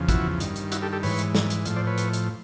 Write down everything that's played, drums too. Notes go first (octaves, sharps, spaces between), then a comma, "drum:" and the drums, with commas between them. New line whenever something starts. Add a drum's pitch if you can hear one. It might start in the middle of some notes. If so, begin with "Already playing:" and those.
Already playing: E2 C#3 F3
E4 F#4, drum: kick, hi-hat
G2 D#3, drum: hi-hat
drum: hi-hat
E4 F#4, drum: hi-hat
G4 A4
G4 A4
G#2 E3 B4 C#5, drum: open hi-hat
drum: hi-hat
drum: snare
drum: hi-hat
A2 F3, drum: hi-hat
C5 D5
B4 C#5
drum: hi-hat
drum: hi-hat